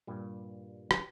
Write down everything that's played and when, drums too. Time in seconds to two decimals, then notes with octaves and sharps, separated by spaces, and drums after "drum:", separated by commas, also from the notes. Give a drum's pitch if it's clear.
0.07 G2 A#2 G3
0.91 drum: rim click